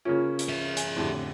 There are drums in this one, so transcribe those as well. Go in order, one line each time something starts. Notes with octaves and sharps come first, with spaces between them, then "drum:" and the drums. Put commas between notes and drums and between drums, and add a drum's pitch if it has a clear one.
C#3 A#3 C#4 F4
drum: hi-hat
G#4 E5
G#5, drum: hi-hat
F2 A2 D3 E4 G4